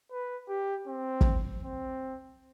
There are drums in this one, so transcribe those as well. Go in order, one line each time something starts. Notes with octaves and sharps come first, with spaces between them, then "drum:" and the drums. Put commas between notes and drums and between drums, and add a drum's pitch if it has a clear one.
B4
G4
C4
drum: kick
C4